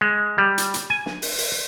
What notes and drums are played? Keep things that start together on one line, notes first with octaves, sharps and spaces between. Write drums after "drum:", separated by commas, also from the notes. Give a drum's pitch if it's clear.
G#3
G3
drum: hi-hat
drum: hi-hat
G#5
drum: snare
drum: open hi-hat
drum: open hi-hat